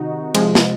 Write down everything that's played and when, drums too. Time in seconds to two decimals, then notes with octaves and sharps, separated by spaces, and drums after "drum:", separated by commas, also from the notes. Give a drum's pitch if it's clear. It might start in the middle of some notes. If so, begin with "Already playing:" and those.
Already playing: C3 D#3 D#4 F#4
0.34 C3 F3 G#3, drum: cymbal
0.55 drum: snare